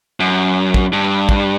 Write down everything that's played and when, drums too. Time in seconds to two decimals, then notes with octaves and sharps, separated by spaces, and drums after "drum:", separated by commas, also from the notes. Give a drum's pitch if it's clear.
0.20 F#2
0.74 drum: kick
0.93 G2
1.29 drum: kick